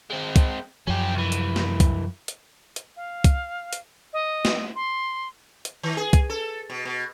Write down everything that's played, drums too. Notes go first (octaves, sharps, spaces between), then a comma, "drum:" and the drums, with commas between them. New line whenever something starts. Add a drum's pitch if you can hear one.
G#3 C4
drum: kick, hi-hat
F#2 F3 C#4 G4
C2 E3
drum: hi-hat
drum: snare
drum: kick, hi-hat
drum: hi-hat
drum: hi-hat
F5
drum: kick, hi-hat
drum: hi-hat
D#5
drum: snare
C6
drum: hi-hat
D#3
G#4
drum: kick, hi-hat
A4
B2
B2